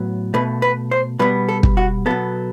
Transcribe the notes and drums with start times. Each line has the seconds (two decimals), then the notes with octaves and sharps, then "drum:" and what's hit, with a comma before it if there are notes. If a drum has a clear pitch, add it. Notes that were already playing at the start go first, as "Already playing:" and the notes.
Already playing: A2 F#3 B3
0.34 B2 A3 B4
0.62 B4
0.91 C5
1.19 B2 G3 B3 B4
1.49 A4
1.63 drum: kick
1.77 F#4
2.06 B2 F#3 B3 A4